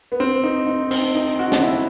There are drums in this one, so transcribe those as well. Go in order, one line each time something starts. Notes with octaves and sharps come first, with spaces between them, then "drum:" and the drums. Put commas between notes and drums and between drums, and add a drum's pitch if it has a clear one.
B3
C4
D#4
D#4
C4, drum: cymbal
D#4
F#4
drum: snare
E4, drum: tambourine